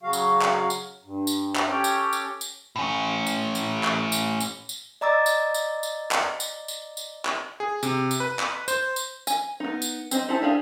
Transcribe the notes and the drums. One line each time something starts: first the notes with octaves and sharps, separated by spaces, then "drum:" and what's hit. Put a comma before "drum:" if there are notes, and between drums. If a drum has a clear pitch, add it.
C#3 F#3 F#4 F5
drum: tambourine
drum: clap
drum: tambourine
G2
drum: tambourine
drum: clap
C#4 G4 A4 C#5 G5
drum: tambourine
drum: tambourine
drum: tambourine
A2 C#4
drum: tambourine
drum: tambourine
drum: clap
drum: tambourine
drum: tambourine
drum: tambourine
D5 D#5 A#5 D6 E6 A6
drum: tambourine
drum: tambourine
drum: tambourine
drum: clap
drum: tambourine
drum: tambourine
drum: tambourine
drum: clap
G#4
C3, drum: tambourine
drum: tambourine
B4
drum: clap
C5, drum: tambourine
drum: tambourine
G#5, drum: tambourine
B3 D#4
drum: tambourine
C4 C5 D#5, drum: tambourine
D#4 E4 C5 A5
D4 G4 G#4 F5